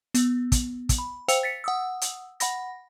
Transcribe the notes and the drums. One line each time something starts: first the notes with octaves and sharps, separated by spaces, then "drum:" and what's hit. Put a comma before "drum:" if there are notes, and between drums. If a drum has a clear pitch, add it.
B3, drum: hi-hat
drum: kick, hi-hat
drum: kick, hi-hat
B5
C5 F5 G5 E6 C#7 F7, drum: hi-hat
A6 B6 C#7
F#5 D#6 E6
drum: hi-hat
F#5 B5 A#6, drum: hi-hat